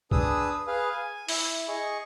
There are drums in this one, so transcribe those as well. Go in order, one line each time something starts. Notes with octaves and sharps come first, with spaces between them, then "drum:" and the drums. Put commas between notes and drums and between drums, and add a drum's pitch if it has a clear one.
D4 G#4 B4 D#6 E6, drum: kick
G#4 B4 F5
G#5
E4, drum: open hi-hat
G#4 D#5 C#6